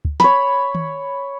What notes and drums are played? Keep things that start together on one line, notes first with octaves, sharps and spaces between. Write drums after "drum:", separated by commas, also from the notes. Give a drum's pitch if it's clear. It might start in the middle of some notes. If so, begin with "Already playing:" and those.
drum: kick
C#5 B5, drum: snare
drum: tom D#3